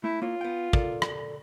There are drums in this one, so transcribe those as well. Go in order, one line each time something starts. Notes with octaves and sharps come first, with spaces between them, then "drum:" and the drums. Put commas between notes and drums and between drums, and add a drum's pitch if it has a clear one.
A3 E4
A#3 E4 F4 C#5
B3 G5
A4 A#4 D5, drum: kick
drum: rim click